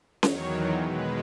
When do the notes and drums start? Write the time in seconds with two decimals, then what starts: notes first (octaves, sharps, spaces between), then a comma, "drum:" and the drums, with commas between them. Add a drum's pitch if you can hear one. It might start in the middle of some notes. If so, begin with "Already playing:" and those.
0.23 E2 D#3 F#3 C#5, drum: snare C#4
0.82 B2 G#3 B4